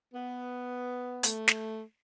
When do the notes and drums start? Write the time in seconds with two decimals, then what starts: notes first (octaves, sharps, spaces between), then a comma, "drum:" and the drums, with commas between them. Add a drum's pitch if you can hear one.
0.13 B3
1.23 A3, drum: hi-hat
1.48 drum: snare